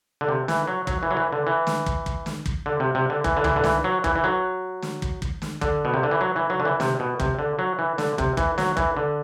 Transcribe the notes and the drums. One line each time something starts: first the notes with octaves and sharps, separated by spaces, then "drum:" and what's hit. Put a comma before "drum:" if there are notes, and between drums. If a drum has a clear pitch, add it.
D3
C3
E3, drum: snare
F#3
F#3, drum: kick
E3
F#3
E3
D3
E3
drum: snare
drum: kick
drum: kick
drum: snare
drum: kick
D3
C3
C3
D3
E3, drum: kick
D3
E3, drum: tom C#2
D3
E3, drum: snare
F#3
E3, drum: kick
E3
F#3
drum: snare
drum: kick
drum: kick
drum: snare
D3, drum: kick
B2
C3
D3
E3
F#3
E3
F#3
D3
E3
C3, drum: snare
B2
C3, drum: kick
D3
F#3
E3
D3, drum: snare
C3, drum: kick
E3, drum: kick
F#3, drum: snare
E3, drum: kick
D3